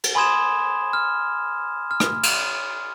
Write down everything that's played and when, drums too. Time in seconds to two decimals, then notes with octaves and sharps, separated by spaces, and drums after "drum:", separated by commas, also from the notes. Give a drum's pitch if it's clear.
0.04 drum: cymbal
0.15 G#5 B5 C6 D#6 G#6 E7
0.93 F6
1.91 F6
2.00 drum: rim click
2.23 drum: cymbal